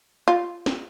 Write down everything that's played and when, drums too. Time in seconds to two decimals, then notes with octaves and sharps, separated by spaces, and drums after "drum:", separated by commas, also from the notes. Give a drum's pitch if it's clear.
0.28 F4
0.66 drum: snare